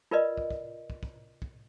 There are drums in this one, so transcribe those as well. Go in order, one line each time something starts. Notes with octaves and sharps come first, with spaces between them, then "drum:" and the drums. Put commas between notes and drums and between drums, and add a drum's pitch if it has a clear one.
F4 A#4 B4 D5 D#5
drum: kick
drum: kick
drum: kick
drum: kick
drum: kick